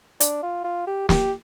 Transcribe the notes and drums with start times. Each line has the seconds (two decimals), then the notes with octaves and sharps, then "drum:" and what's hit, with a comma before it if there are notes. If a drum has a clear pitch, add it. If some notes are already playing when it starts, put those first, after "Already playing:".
0.20 D4, drum: hi-hat
0.43 F4
0.65 F4
0.87 G4
1.09 G4, drum: snare